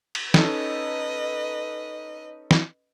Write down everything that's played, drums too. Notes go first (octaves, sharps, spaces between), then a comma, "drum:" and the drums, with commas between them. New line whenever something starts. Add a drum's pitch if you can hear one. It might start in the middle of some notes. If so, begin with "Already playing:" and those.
drum: cymbal
C#4 D#4 A4 B4 D#5, drum: snare
drum: snare